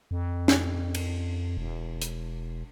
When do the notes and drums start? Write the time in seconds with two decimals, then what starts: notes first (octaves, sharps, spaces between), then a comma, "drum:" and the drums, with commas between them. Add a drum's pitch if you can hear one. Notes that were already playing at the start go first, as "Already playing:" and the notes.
0.11 F2
0.48 drum: snare
0.95 drum: cymbal
1.57 E1
2.02 drum: hi-hat